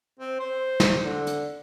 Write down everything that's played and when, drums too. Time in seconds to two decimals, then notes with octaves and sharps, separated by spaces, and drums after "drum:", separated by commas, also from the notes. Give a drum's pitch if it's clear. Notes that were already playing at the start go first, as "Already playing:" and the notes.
0.19 C4
0.40 C5
0.80 drum: snare
1.03 D3
1.27 drum: hi-hat